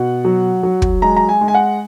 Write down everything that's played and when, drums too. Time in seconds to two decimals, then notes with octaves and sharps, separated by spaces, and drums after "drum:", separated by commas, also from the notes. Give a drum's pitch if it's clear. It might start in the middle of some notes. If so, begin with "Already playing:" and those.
Already playing: B2 F#5
0.25 F#3
0.63 F#3
0.82 drum: kick
1.02 G#3 A#5
1.16 A#5
1.29 G#5
1.41 G#3
1.48 G#5
1.54 F#5